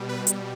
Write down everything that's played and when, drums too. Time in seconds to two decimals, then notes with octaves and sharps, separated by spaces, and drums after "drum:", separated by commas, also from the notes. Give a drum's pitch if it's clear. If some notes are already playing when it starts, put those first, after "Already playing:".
Already playing: B2 G3
0.09 B4
0.27 drum: hi-hat